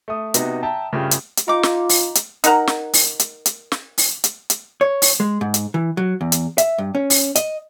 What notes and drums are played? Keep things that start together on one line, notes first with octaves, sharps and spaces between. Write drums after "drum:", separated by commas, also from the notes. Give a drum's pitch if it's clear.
A3 D#6
C3 B3 D#4 F#4, drum: hi-hat
E5 G5 A5 A#5
G2 C#3 A3 F4 G4
drum: hi-hat
drum: hi-hat
D#4 F4 D6
drum: snare
drum: open hi-hat
drum: hi-hat
D#4 A#4 F#5 A#5, drum: hi-hat
drum: snare
drum: open hi-hat
drum: hi-hat
drum: hi-hat
drum: snare
drum: open hi-hat
drum: hi-hat
drum: hi-hat
C#5
drum: open hi-hat
G#3
G#2
drum: hi-hat
E3
F#3
E2
drum: hi-hat
E5, drum: hi-hat
G2
C#4
drum: open hi-hat
D#5, drum: hi-hat